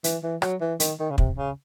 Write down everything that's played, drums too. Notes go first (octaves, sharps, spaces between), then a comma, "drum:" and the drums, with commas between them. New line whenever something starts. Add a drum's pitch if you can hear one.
E3, drum: hi-hat
E3
F#3, drum: rim click
E3
D#3, drum: hi-hat
D#3
C#3
C3, drum: kick
C#3